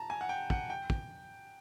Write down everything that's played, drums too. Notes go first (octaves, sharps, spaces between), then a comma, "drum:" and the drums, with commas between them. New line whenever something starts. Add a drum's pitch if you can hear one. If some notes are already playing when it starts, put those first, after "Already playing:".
Already playing: A5 A#5
G#5
F#5
G5
F#5, drum: kick
G5
drum: kick